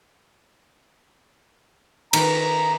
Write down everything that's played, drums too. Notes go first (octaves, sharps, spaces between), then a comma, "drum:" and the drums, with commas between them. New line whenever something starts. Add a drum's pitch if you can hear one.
D#3 B4 A#5, drum: cymbal